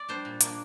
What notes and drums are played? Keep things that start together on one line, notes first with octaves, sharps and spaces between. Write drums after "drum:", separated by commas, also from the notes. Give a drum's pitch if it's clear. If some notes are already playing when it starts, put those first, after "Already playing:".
Already playing: D5
G3 D4 C5
A#2
A#3 D4, drum: hi-hat